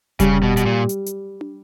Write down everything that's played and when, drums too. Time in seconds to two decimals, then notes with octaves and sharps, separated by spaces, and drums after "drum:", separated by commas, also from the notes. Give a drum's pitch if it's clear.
0.20 C#3 G3, drum: kick E1, hi-hat
0.43 B2
0.57 B2, drum: hi-hat
0.66 A#2
0.89 drum: hi-hat
1.06 drum: hi-hat
1.41 drum: tom